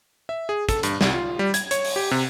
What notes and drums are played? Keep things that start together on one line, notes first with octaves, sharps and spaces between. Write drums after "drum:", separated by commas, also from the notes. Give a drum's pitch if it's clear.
E5
G#4
A4, drum: kick, hi-hat
G2, drum: hi-hat
C2, drum: snare
F4
G3
G#6, drum: hi-hat
C#5, drum: hi-hat
drum: open hi-hat
G4
C3